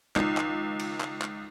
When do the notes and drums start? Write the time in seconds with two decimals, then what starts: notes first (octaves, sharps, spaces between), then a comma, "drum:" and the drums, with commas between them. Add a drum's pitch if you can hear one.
0.16 C#2 D#4 F4, drum: clap
0.37 drum: clap
0.79 drum: cymbal
1.01 drum: clap
1.22 drum: clap